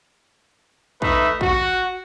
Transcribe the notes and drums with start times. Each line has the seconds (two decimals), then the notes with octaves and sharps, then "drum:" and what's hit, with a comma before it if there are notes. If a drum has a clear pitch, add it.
1.02 A3 D#4 B4 E5, drum: kick
1.41 F#4, drum: kick